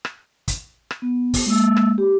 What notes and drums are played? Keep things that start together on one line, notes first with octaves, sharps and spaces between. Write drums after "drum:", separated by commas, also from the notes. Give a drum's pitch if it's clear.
drum: rim click
drum: kick, hi-hat
drum: rim click
B3
drum: kick, open hi-hat
G#3 A#3 E6
drum: rim click
G4